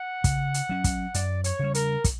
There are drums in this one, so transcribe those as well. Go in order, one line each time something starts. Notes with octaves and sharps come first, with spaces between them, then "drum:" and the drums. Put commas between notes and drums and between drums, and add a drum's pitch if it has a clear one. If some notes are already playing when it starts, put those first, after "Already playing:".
Already playing: F#5
C#3, drum: kick, hi-hat
drum: hi-hat
F#3 C#4
drum: kick, hi-hat
F#2 D5, drum: hi-hat
C#5, drum: hi-hat
C#3 G3
A#4, drum: hi-hat
drum: kick, hi-hat